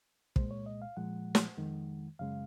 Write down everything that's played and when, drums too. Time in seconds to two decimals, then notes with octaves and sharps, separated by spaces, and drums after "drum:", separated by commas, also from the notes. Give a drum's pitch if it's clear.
0.36 C2 A#2 G#3 C5, drum: kick
0.51 C#5
0.66 D#5
0.82 F5
0.97 A#2 F3 G#3 F#5
1.35 drum: snare
1.57 F2 D#3 G#3
2.19 F#2 C#3 G#3 F5